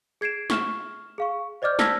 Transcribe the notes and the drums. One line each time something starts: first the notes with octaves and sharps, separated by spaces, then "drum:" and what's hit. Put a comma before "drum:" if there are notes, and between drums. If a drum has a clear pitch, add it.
G#4 G#6 C7 D7 E7
C#6 F6 E7, drum: snare
G#4 F5 C#6
C5 D5 D#5 D6 F6 G6
A5 E6 F6 G#6 A#6 B6, drum: snare